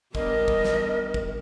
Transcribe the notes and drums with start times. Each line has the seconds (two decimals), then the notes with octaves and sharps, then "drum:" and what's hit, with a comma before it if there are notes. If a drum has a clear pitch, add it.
0.15 G3 B3 D4 A#4 D#5, drum: kick
0.48 drum: kick
0.65 drum: snare
1.14 drum: kick